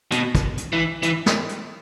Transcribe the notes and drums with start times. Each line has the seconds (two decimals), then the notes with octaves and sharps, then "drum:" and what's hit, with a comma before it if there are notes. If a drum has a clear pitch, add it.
0.12 B2, drum: hi-hat
0.35 drum: kick, hi-hat
0.58 drum: hi-hat
0.73 E3
1.03 E3, drum: hi-hat
1.26 drum: snare
1.49 drum: hi-hat